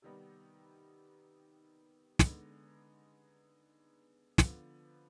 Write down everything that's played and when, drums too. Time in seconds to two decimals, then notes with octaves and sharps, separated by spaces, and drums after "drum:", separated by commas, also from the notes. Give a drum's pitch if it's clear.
0.02 C3 D#3 G3 B3 D#4
2.19 D3 G#3 B3 D#4, drum: snare
4.38 D3 F3 B3, drum: snare